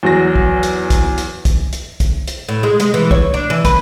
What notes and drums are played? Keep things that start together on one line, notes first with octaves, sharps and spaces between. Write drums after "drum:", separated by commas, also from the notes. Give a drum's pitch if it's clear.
E2 F#3 A#6
drum: kick
drum: hi-hat
drum: kick, hi-hat
drum: hi-hat
drum: kick, hi-hat
drum: hi-hat
drum: kick, hi-hat
drum: hi-hat
A2
G#3
G#3, drum: hi-hat
E3
C#5, drum: kick
D4
E3
B4, drum: kick, hi-hat